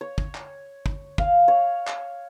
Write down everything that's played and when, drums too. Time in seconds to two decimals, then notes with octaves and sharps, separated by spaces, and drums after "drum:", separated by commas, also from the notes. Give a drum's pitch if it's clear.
0.01 C#5
0.18 drum: kick
0.35 drum: clap
0.86 drum: kick
1.18 F5, drum: kick
1.48 C#5
1.87 drum: clap